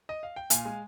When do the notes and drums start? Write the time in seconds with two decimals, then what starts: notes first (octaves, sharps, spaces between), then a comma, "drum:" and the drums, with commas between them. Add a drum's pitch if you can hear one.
0.09 D#5
0.23 F5
0.36 G5
0.50 A#2 F5 G#5, drum: hi-hat
0.65 G#3